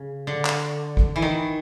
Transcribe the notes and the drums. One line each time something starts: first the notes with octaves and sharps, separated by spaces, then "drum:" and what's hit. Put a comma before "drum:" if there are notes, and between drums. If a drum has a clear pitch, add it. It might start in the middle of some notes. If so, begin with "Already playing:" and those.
Already playing: C#3
D3
drum: clap
drum: kick A1
E3
D#3